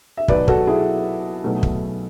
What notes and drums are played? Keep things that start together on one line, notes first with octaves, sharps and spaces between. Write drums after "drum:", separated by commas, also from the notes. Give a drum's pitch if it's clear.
E5
B1 B2 F#3 B4 D5, drum: kick
F#4 A4, drum: kick
E4 G#4
B1 B2 F#3 A3
drum: kick